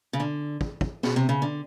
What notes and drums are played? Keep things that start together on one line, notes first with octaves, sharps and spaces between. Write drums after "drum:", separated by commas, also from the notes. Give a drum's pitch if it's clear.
C#3
D3
drum: kick
drum: kick
B2, drum: snare
C3
C#3
D3